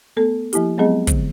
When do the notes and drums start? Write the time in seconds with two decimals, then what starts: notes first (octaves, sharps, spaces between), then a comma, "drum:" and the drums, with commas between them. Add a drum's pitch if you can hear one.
0.17 A3 B3 A4
0.53 F3 A#3 E4 G4, drum: hi-hat
0.78 F#3 G#3 B3 C4 G#4 D#5
1.07 D3, drum: kick, hi-hat